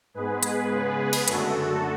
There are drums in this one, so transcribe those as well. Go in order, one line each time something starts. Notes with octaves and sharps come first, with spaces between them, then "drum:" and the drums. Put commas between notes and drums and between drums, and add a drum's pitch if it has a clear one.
G#2 G#3 B3 G#4 B4
G#4 B4, drum: hi-hat
C#3 G#3 B3
G#4 B4
drum: cymbal
F#2 D3 A3 F#4 A4, drum: hi-hat
F#4